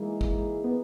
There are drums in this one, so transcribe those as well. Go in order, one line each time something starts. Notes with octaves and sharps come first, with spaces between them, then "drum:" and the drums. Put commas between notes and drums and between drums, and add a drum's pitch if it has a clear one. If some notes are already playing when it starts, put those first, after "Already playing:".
Already playing: E3 G#3 A#3 D#4 G#4
drum: kick
B3